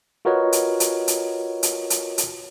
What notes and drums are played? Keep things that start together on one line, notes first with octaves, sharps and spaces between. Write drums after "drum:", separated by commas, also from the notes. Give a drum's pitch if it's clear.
F4 F#4 A#4 B4 C#5 D#5
drum: hi-hat
drum: hi-hat
drum: hi-hat
drum: hi-hat
drum: hi-hat
drum: hi-hat